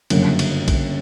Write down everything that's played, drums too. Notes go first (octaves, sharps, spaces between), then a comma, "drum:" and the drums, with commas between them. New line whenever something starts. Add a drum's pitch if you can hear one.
G1 F#2 C#3 F#3 A#3, drum: cymbal
drum: cymbal
drum: kick, cymbal